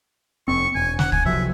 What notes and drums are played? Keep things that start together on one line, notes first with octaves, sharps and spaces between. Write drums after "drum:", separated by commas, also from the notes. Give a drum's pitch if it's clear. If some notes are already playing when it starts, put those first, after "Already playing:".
F1 C4 C#6
E1 G#5
F#5, drum: snare
G#5, drum: kick
C3 F3 F#3 E5